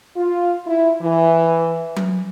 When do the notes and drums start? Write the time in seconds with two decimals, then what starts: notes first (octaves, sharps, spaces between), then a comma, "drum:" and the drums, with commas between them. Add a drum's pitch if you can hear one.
0.17 F4
0.67 E4
1.02 E3
1.96 drum: tom F#3